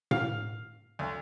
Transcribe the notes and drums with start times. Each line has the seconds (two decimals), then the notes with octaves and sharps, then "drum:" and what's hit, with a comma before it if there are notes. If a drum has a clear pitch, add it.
0.11 F5, drum: tom A2
0.99 D2